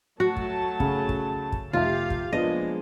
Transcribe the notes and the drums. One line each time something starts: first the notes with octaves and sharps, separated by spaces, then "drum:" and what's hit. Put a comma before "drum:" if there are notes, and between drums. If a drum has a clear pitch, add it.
F#3 A3 F#4 A5
drum: kick
C#3, drum: kick
drum: kick
drum: kick
F1 F4 G4 E5 F5
drum: kick
F3 G#3 A#3 B3 D4 D#5